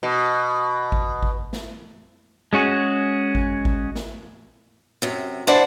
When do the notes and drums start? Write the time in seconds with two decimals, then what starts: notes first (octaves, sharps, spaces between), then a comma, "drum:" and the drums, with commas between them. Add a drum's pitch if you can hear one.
0.03 B2
0.92 drum: kick G#1
1.23 drum: kick G#1
1.53 drum: snare
2.53 G#3 C#4 F#4 G#4
3.35 drum: kick G#1
3.65 drum: kick G#1
3.96 drum: snare
5.02 F#2 C3
5.47 G3 D4 E4 C5 D5 F#5